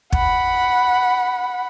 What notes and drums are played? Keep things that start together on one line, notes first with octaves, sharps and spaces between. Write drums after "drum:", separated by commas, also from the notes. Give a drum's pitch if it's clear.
F#5 B5, drum: kick